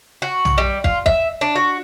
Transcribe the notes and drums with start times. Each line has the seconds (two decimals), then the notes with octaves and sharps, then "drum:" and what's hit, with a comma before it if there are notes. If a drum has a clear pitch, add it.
0.22 F#4
0.45 drum: tom
0.58 G3
0.84 F4, drum: kick
1.06 E5, drum: kick
1.41 D4
1.55 F#4